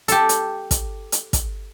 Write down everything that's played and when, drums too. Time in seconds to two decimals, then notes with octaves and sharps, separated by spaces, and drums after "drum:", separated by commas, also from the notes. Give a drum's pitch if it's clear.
0.08 G4 A4, drum: hi-hat
0.29 drum: hi-hat
0.71 drum: kick, hi-hat
1.12 drum: hi-hat
1.33 drum: kick, hi-hat